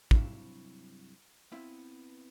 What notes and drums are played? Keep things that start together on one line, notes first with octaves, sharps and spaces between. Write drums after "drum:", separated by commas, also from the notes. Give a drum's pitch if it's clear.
G2 C3 F#3 E4 A4 F5, drum: kick
B3 C4 E4 F5